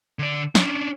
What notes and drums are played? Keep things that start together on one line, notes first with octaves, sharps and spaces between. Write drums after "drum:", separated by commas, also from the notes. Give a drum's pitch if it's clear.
D3 D5
C#4 D4, drum: snare